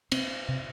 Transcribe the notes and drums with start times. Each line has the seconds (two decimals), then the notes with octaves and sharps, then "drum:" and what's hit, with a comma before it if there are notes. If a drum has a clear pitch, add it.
0.12 C3 C4, drum: cymbal
0.48 C3